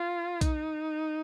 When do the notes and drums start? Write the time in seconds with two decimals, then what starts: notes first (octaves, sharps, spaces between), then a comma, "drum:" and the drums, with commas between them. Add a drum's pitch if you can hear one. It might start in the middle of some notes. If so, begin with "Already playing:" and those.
Already playing: F4
0.41 D#4, drum: kick B1, hi-hat